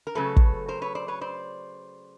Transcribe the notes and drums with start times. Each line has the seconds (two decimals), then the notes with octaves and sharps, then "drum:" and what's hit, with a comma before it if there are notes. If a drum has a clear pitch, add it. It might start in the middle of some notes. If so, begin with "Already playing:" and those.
0.07 A#4
0.15 C#3 F#3 A3 A4 B4
0.36 drum: kick
0.68 A#4 C5
0.82 B4 C#5
0.95 C5 D5
1.08 B4 C#5
1.21 C5 D5